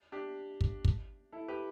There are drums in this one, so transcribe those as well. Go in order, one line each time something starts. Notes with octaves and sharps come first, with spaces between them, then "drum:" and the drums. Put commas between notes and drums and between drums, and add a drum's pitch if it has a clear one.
D4 G4
drum: kick
drum: kick
E4 A4
G4 B4